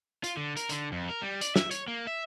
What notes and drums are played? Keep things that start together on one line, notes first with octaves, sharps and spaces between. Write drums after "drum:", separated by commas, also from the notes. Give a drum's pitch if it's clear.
F4, drum: hi-hat
D3
A#4, drum: hi-hat
D3, drum: hi-hat
F2
A#4
G3
D5, drum: hi-hat
E5, drum: snare
C#5, drum: hi-hat
A#3
E5